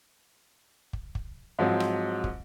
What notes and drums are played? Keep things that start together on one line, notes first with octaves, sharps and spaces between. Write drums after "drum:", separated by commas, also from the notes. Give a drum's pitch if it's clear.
drum: kick
drum: kick
G#2 F3 F#3 C4
drum: rim click
drum: kick